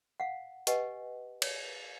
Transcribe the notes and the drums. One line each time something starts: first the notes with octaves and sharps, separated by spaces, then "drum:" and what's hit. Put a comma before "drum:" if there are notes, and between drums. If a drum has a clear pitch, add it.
F5 F#5
G4 B4 D#5 F#5 G#5, drum: hi-hat
C#5, drum: cymbal